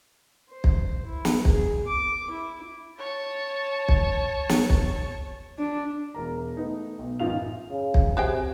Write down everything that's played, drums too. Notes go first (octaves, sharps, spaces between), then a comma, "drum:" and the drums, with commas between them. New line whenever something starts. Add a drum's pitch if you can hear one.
C5
drum: kick
E4
drum: snare
G#4, drum: kick
D6
E4
C#5 A5
drum: kick
drum: snare
drum: kick
D4
E1 A#4 A#5
A3 B3 D#4
B1
A1 F#2 D#4 F4 F5 F7
C#3
drum: kick
C3 F#4 G#4 G5